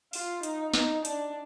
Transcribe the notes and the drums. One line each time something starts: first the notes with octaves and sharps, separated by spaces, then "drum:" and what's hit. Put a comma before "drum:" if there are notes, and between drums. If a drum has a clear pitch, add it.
F4, drum: open hi-hat
D#4, drum: hi-hat
D#4, drum: snare
D4, drum: hi-hat